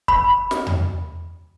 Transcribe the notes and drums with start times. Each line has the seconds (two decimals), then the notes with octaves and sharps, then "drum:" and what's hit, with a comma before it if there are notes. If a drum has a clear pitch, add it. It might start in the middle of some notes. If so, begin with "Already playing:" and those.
0.08 B5, drum: kick
0.51 drum: snare
0.67 drum: tom E2